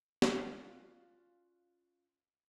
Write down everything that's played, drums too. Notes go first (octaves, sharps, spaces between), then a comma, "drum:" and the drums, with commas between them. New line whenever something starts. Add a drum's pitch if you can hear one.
drum: snare
C#4 F4 F#4 D5 F5